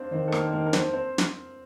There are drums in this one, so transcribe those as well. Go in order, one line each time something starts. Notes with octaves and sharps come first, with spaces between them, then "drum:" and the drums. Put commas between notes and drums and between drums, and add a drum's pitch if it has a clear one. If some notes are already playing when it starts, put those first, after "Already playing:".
Already playing: C4 D4 D#4 C5 F5
D#3 C4 C5
A4
A#3 A#4, drum: rim click
C5
A#3 A#4
A#4
C4 C5, drum: snare
C4 C5
drum: snare